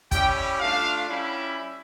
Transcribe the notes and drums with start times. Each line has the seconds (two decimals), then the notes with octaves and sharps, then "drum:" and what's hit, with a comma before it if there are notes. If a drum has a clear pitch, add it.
0.11 G3 C#4 E4 G4 G5, drum: kick, hi-hat
0.60 A3 D4 F4 F5
1.09 G3 C#4 E4